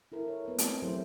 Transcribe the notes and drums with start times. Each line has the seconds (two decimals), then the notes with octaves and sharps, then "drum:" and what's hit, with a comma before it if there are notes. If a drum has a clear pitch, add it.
0.12 E4 A4 A#4
0.28 C#5
0.45 B3 B4
0.58 A3 B3 C4, drum: hi-hat
0.82 F#3 E4 G4 A4 C5